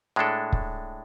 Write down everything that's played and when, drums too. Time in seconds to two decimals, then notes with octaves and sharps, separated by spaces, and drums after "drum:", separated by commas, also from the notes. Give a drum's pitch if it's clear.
0.16 A2 G#3 D4 A4
0.53 drum: kick